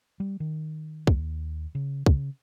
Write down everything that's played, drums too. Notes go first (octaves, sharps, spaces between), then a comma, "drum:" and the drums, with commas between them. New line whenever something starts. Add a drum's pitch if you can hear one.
G3
D#3
D#2, drum: kick
C#3
C#3, drum: kick